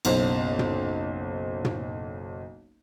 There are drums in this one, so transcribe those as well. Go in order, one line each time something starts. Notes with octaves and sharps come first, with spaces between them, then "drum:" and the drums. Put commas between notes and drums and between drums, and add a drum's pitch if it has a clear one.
F#1 B1 C5, drum: cymbal
drum: tom
drum: tom